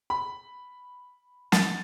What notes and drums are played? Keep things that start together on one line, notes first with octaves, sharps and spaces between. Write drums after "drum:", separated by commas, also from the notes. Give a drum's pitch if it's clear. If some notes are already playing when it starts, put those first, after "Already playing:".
B5
A6, drum: snare